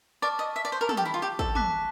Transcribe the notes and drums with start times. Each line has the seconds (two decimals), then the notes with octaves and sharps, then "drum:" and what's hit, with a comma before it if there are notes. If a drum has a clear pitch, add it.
0.22 D5 A5 C#6 F6
0.39 D#5
0.56 E5
0.65 D5
0.72 C5
0.81 A#4
0.89 A4, drum: tom
0.97 G4
1.05 E4
1.14 F4
1.22 G4
1.39 A4, drum: kick
1.55 A5 D6 F#6 B6, drum: tom